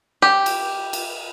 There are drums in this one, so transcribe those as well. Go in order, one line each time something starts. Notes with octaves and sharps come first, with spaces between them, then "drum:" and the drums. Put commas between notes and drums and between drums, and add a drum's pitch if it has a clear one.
G4
drum: cymbal
drum: cymbal